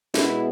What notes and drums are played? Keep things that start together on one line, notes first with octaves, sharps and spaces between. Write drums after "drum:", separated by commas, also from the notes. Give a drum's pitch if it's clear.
B2 G#3 B3 E4, drum: snare